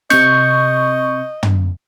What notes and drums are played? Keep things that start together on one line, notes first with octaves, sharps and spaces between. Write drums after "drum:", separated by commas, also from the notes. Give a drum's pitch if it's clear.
C3 D#5 C#6 G6, drum: snare
drum: tom